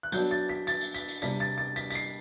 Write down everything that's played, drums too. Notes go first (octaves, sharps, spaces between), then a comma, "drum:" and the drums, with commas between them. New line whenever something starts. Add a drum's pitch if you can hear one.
F#6
F#3 B3 D4 G6, drum: tambourine
A6
B6
A6, drum: tambourine
drum: tambourine
B6, drum: tambourine
drum: tambourine
C3 G3 D4 B6, drum: tambourine
A6
A6
B6, drum: tambourine
B6, drum: tambourine
C7